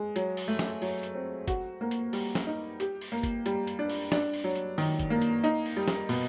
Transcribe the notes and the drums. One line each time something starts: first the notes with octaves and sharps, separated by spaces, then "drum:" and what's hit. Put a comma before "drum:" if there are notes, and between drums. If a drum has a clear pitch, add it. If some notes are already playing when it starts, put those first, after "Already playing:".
Already playing: G#3
F#3, drum: hi-hat
drum: open hi-hat
A3
drum: snare
F#3, drum: open hi-hat
drum: hi-hat
C4
F#4, drum: kick, hi-hat
A#3
drum: hi-hat
G3, drum: open hi-hat
drum: snare
D#4
G4, drum: hi-hat
drum: open hi-hat
A#3
drum: kick, hi-hat
G3, drum: hi-hat
drum: hi-hat
D4
drum: open hi-hat
D4, drum: snare
drum: open hi-hat
F#3
drum: hi-hat
D#3, drum: open hi-hat
drum: kick, hi-hat
A#3
drum: hi-hat
D#4, drum: hi-hat
drum: open hi-hat
G3
drum: snare
B2, drum: open hi-hat